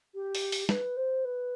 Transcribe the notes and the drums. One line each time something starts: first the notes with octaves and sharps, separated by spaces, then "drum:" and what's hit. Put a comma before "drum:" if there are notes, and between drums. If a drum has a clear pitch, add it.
G4
drum: open hi-hat
drum: open hi-hat
B4, drum: snare
C5
B4